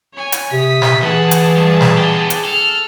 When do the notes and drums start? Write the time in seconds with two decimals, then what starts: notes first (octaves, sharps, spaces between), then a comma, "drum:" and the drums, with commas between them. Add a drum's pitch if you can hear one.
0.14 C#5 G#5
0.32 drum: hi-hat
0.52 C3 D#6 B6
0.82 drum: snare
1.02 D2 E3 G#4 F#5 A5
1.31 drum: hi-hat
1.56 G2
1.81 drum: snare
1.97 B3 G4
2.30 drum: hi-hat
2.45 A4 F6